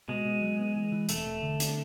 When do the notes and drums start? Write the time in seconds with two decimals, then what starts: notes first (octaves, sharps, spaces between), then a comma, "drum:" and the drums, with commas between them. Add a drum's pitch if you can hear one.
0.08 B2 G#3
0.25 B2
0.42 F#3
0.59 B3
0.76 E3
0.92 E3
1.09 E1 A3, drum: hi-hat
1.25 E1
1.42 D3
1.60 D4, drum: hi-hat